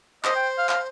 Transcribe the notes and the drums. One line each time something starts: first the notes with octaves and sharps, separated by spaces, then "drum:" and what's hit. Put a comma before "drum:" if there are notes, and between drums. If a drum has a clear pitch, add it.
C5 D#5, drum: clap
G5
F5
F5, drum: clap